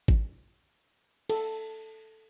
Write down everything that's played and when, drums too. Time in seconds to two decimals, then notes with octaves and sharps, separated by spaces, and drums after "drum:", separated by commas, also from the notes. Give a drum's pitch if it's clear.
0.08 drum: kick
1.30 A4, drum: cymbal